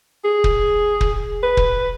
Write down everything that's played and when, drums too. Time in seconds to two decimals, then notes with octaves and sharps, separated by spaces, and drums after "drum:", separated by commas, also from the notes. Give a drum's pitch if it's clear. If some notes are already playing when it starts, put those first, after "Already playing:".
0.25 G#4
0.44 drum: kick
1.01 drum: kick
1.43 B4
1.57 drum: kick